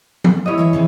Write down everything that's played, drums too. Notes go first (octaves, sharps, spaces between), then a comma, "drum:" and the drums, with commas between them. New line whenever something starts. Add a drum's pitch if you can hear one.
drum: tom
F#3 G3 E4 C#5 D#5
E3 F#3 E5
C#3 E3 C4